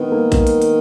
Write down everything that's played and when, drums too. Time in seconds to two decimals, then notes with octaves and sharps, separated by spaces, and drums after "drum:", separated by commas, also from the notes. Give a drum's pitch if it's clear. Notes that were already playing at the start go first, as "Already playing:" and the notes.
Already playing: D#3 B3
0.12 A#3
0.32 drum: kick A#1, hi-hat
0.47 drum: hi-hat
0.62 drum: hi-hat